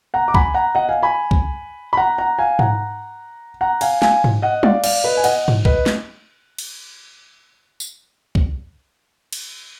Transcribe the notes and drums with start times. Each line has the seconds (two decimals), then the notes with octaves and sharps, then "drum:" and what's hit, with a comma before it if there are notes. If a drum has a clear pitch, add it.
0.14 F#5 A#5
0.28 D6
0.34 G#5 B5, drum: kick
0.54 F#5 A#5
0.75 D#5 F#5
0.89 F5 G#5
1.03 G#5 B5
1.31 drum: kick
1.93 B5
1.97 F#5 A#5
2.18 F#5 A#5
2.39 F5 G#5
2.59 F#5 A#5, drum: tom G#2
3.61 F#5 A#5
3.81 F5 G#5, drum: cymbal
4.02 F5 G#5, drum: snare
4.24 drum: tom G#2
4.42 D#5 F#5
4.63 D5 F5, drum: tom G3
4.84 D5 F5, drum: cymbal
5.04 B4 D#5
5.17 G#5
5.24 D#5 F#5, drum: cymbal
5.48 drum: tom G#2
5.65 B4 D#5, drum: kick
5.86 drum: snare
6.58 drum: cymbal
7.80 drum: tambourine
8.35 drum: kick
9.33 drum: cymbal